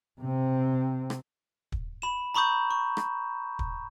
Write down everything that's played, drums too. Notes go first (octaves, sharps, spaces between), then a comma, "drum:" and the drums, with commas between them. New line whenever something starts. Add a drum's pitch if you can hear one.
C3 C4
drum: rim click
drum: kick
B5 E7
A#5 B5 C#6 D#6 G6
C#6
drum: rim click
drum: kick